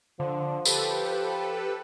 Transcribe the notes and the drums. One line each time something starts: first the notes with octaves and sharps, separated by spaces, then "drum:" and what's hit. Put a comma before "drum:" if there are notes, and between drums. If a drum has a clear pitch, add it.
D3 F3
G4 A4 B4, drum: tambourine